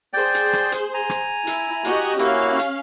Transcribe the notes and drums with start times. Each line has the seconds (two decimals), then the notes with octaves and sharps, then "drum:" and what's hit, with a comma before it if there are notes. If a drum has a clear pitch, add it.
0.13 G#4 C5 D5 G5
0.35 drum: hi-hat
0.53 drum: rim click
0.72 drum: hi-hat
0.94 G#5 A#5
1.09 drum: rim click
1.47 E4, drum: hi-hat
1.85 F#4 G4 D#5, drum: hi-hat
2.19 A#3 C#4 E4 F#4 F5, drum: hi-hat
2.59 drum: hi-hat